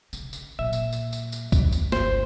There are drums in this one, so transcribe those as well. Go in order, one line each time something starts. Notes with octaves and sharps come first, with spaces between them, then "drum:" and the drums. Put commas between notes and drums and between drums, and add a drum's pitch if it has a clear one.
C#3, drum: tambourine
drum: tambourine
A#2 F#3 E5
drum: tambourine
drum: tambourine
drum: tambourine
drum: tambourine
drum: kick C2, tambourine
drum: tambourine
G1 C5, drum: snare